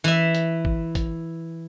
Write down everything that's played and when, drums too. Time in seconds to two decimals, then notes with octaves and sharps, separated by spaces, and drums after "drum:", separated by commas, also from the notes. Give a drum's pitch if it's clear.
0.04 E3 E5
0.35 drum: hi-hat
0.65 drum: kick
0.95 drum: kick, hi-hat